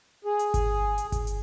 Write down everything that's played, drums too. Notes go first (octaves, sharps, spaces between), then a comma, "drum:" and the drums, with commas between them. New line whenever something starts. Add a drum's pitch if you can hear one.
G#4
drum: hi-hat
drum: kick G1, hi-hat
drum: hi-hat
drum: kick G1, hi-hat
drum: hi-hat